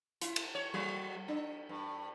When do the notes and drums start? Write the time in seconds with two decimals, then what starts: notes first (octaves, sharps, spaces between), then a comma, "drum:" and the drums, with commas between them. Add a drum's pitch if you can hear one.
0.21 E4, drum: hi-hat
0.36 drum: cymbal
0.55 C#5
0.74 F#3
1.28 D4
1.69 G2